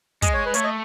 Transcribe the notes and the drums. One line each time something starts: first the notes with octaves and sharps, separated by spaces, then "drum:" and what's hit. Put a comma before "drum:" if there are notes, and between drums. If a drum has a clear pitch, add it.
G#3 D#5, drum: kick, hi-hat
C#5
B4
A3 C#5, drum: hi-hat
D#5